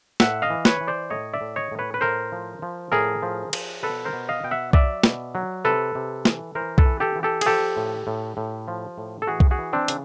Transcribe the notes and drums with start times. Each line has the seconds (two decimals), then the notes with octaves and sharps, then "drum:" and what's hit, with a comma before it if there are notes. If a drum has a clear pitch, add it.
0.20 A2 E5 F#5, drum: snare
0.42 D#5 F5
0.50 E3
0.65 B4 C#5, drum: snare
0.81 E3
0.88 C5 D5
1.10 A2 C#5 D#5
1.33 D5 E5
1.41 A2
1.56 C#5 D#5
1.71 A2
1.79 B4 C#5
1.94 B4
2.01 A2 A#4 C5
2.32 F3
2.62 F3
2.92 A2 G#4 A#4
3.22 F3
3.53 F3, drum: cymbal
3.83 B2 A4 B4
4.05 A#4 C5
4.13 B2
4.29 D#5 F5
4.44 B2 G5
4.51 E5 F#5
4.73 F#3 D5 E5, drum: kick B1
5.04 B2, drum: snare
5.35 F#3
5.65 C3 A4 B4
5.95 C3
6.25 E3, drum: snare
6.55 E3 A#4 C5
6.78 A4 B4, drum: kick B1
6.85 E3
7.00 G4 A4
7.16 E3
7.23 G4 A4
7.41 G#4, drum: cymbal
7.46 F3 G4 A4
7.77 A2
8.07 A2
8.37 A2
8.68 F3
8.98 A2
9.22 A4
9.27 E3 F#4 G#4
9.40 drum: kick B1
9.51 F#4 G#4
9.59 E3
9.73 C4 D4
9.88 C#3, drum: hi-hat